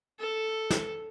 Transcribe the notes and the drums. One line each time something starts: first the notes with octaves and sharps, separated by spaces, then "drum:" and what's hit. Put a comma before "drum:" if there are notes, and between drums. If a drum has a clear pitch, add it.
A4
drum: snare